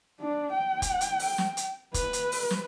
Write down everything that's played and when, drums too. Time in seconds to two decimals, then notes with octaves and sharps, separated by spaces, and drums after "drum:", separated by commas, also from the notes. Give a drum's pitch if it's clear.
0.21 D4
0.53 G5
0.82 drum: kick, hi-hat
1.01 drum: hi-hat
1.19 drum: open hi-hat
1.38 drum: snare
1.57 drum: hi-hat
1.94 B4, drum: kick, hi-hat
2.13 drum: hi-hat
2.32 drum: open hi-hat
2.51 drum: snare